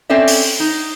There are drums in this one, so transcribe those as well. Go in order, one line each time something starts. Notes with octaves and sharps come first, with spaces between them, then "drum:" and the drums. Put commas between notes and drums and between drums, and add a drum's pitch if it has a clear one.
C4 C#4 A4 D5 E5
drum: open hi-hat
D#4